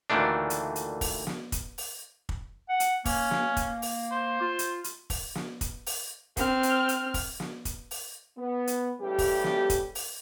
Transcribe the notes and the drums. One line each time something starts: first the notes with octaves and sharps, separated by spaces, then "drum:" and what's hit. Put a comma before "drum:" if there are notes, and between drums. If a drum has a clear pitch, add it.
D2 A#2 D#3 E3 A3 D4
drum: hi-hat
drum: hi-hat
drum: kick, open hi-hat
drum: snare
drum: kick, hi-hat
drum: open hi-hat
drum: kick
F#5
drum: hi-hat
A#3 C#4, drum: kick, open hi-hat
drum: snare
drum: kick, hi-hat
drum: open hi-hat
C5
F4
drum: hi-hat
drum: hi-hat
drum: kick, open hi-hat
drum: snare
drum: kick, hi-hat
drum: open hi-hat
C4 F6, drum: kick, hi-hat
drum: hi-hat
drum: hi-hat
drum: kick, open hi-hat
drum: snare
drum: kick, hi-hat
drum: open hi-hat
B3
drum: hi-hat
C#3 E3 G3 A3 G4
drum: kick, open hi-hat
drum: snare
drum: kick, hi-hat
drum: open hi-hat